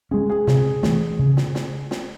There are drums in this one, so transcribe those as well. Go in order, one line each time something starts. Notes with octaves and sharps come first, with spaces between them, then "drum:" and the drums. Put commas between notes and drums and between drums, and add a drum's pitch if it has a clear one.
G#3 C#4 G#4
G#4
C3, drum: snare
E3 A3, drum: snare
C#3
drum: snare
drum: snare
drum: snare